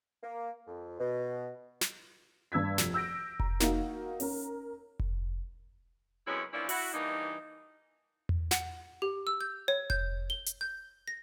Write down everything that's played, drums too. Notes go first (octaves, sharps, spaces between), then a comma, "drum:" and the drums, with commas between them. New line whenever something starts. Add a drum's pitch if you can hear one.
A#3
F2
B2
drum: snare
G2 E6 G#6 B6
F1, drum: snare
E6 G6 A#6 D7
A#5, drum: kick F1
A#3 D#4 F#4 F5, drum: snare
C#4 A#4, drum: open hi-hat
drum: kick F1
F#2 C3 G#3 B3 C#4 E4
E3 F3 A#3 C#4 D4 E4
E4 F#4, drum: open hi-hat
G2 E3 A#3 D#4
drum: tom E2
F#5, drum: snare
G4
E6
G6
C#5
G6, drum: kick F1
G7
drum: hi-hat
G6
A#6